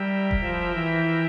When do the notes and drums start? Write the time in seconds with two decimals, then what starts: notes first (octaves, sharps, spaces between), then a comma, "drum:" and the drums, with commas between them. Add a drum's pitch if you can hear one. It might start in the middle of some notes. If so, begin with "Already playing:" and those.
Already playing: G3 E4 A#4 E5 G5
0.31 drum: kick F1
0.41 F3
0.74 E3